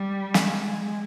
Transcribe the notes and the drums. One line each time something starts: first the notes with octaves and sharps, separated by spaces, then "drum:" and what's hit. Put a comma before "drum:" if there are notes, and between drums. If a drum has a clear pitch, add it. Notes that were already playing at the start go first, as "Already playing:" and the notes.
Already playing: G3
drum: snare
G#3